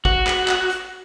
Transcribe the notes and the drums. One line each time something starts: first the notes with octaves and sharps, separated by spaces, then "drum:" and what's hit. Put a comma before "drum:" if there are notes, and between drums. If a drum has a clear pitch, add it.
F#4, drum: kick
drum: clap
drum: clap
drum: hi-hat